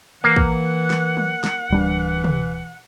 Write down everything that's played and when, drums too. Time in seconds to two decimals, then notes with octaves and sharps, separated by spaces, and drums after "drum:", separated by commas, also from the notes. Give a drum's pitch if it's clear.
0.24 E3 A#3 F#5
0.36 drum: kick
0.90 drum: snare
1.17 drum: tom
1.44 drum: snare
1.70 D1 E3 G3 D4
2.24 drum: tom